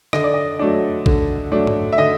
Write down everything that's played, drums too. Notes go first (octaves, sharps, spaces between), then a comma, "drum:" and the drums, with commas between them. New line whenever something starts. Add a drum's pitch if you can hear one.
D3 D#5, drum: rim click
D5
D#5
F#3 A3 D4
D3, drum: kick A#1
F#3 A3 D4
drum: tom G#2
E5
D3 D#5